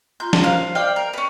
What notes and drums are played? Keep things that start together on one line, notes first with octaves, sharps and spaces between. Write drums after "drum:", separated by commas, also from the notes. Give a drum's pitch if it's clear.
F4 A#5 C6 G6
drum: snare
C5 F5 F6 F#6
D5 F5 G5
A#4
C#4 B4